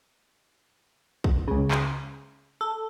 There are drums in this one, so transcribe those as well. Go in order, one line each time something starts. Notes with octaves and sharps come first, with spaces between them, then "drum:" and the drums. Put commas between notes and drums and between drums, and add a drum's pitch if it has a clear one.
drum: kick
C#2 C#3
drum: clap
A4